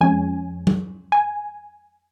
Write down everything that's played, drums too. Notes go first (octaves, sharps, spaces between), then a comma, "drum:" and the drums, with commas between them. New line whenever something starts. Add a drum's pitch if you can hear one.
F2 F3 G#3 C#4 G#5
drum: tom F#3
G#5